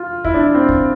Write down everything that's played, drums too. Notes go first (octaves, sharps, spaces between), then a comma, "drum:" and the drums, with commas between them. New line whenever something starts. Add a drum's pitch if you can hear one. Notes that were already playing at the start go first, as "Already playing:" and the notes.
Already playing: F4
E4, drum: kick
D4
E4
C4
drum: kick